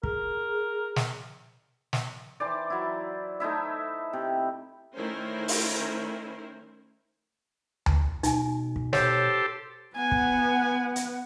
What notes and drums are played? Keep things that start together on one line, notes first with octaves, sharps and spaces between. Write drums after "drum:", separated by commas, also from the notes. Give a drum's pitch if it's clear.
G#4 A#4, drum: kick
drum: snare
drum: snare
E3 C5 D5
F#3 E4
A3 D#4 E4 E5
C3
D#3 A3 C#4 E4 A#4 C5
drum: open hi-hat
drum: tom D2
B2 D#4 G#5, drum: hi-hat
drum: kick
G4 A4 C5 C#5, drum: snare
B3 F#5 G#5
drum: kick
drum: hi-hat